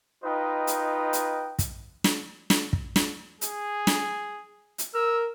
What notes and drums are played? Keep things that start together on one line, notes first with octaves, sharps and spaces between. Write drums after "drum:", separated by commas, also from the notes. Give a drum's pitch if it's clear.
D#4 F4 B4 D#5 G5
drum: hi-hat
drum: hi-hat
drum: kick, hi-hat
drum: snare
drum: snare
drum: kick
drum: snare
G#4, drum: hi-hat
drum: snare
drum: hi-hat
A#4 E6